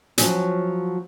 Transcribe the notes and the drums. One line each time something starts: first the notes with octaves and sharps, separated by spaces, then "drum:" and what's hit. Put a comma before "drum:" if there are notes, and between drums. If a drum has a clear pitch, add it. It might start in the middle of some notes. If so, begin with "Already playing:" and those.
F3 F#3 C#4, drum: hi-hat